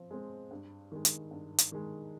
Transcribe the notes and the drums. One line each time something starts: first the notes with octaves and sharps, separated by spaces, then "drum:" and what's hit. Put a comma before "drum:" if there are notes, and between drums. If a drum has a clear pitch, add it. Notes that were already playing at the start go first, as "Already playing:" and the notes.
Already playing: F3 C4
G#3 C4
G2
D#3 G#3
drum: hi-hat
G2
drum: hi-hat
D#3 G#3